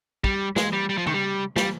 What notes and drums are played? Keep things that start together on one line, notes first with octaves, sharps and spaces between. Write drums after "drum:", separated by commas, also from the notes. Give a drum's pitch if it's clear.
G3, drum: kick
G#3, drum: snare
G3
G3
F3
D#3, drum: tom C3
G3
G3, drum: snare